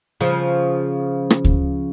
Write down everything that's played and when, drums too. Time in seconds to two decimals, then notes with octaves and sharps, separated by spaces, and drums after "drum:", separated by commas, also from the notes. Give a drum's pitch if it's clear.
0.21 C#3 F3
1.30 drum: rim click
1.45 drum: kick D2